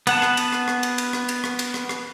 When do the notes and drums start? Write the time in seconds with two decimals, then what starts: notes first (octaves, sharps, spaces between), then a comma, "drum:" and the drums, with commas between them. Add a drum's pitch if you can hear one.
0.07 B3 F#5 A5, drum: cymbal
0.22 drum: rim click
0.37 drum: cymbal
0.53 drum: rim click
0.68 drum: rim click
0.83 drum: cymbal
0.98 drum: cymbal
1.13 drum: rim click
1.29 drum: cymbal
1.44 drum: rim click
1.59 drum: cymbal
1.74 drum: rim click
1.89 drum: rim click